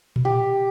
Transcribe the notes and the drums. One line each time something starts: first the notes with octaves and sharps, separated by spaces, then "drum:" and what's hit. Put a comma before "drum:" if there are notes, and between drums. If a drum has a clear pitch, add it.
drum: tom A#2
G4